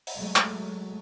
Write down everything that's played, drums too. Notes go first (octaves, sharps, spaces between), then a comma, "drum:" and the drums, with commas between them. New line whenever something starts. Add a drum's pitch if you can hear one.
drum: open hi-hat
F#3 G#3 A3
drum: clap